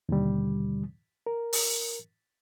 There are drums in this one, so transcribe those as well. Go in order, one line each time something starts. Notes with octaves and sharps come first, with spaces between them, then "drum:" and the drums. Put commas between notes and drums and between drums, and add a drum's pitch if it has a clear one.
D#2 B2 D3 G3
A#4
drum: open hi-hat